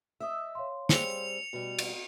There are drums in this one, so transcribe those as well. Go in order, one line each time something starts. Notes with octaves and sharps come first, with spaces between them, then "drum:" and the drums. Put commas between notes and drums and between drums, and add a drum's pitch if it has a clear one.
D#5 E5 D#6 E6
C#5 F5 C6
G3 C4 G#4 C#7 F7, drum: snare
B2 G3 F#4
drum: cymbal